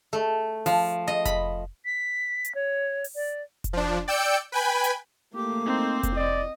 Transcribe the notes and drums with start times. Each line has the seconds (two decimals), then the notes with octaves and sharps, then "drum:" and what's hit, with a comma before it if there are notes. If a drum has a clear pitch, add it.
0.13 A3
0.66 F3, drum: open hi-hat
1.07 D#5
1.25 B5, drum: kick F1, hi-hat
1.85 B6
2.45 drum: hi-hat
2.54 C#5
3.04 drum: open hi-hat
3.15 D5
3.64 drum: kick F1, hi-hat
3.73 F3 D4
4.08 D5 G5 E6 G6 C#7 D7
4.52 B4 G5 G#5 B5
4.84 drum: hi-hat
5.35 A3 A#3 G4 D6
5.65 C4 D#4 C5
6.03 drum: kick F1, hi-hat
6.16 D5 D#5